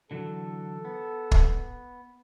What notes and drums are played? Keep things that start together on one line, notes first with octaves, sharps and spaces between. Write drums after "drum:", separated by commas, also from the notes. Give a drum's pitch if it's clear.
D3 E3 F#3 A4
B3
drum: kick